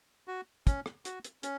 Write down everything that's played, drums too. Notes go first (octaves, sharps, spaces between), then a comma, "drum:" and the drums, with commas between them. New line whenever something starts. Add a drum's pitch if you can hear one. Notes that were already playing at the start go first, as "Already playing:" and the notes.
F#4
C#4, drum: kick, hi-hat
drum: rim click
F#4, drum: hi-hat
drum: hi-hat
C#4, drum: hi-hat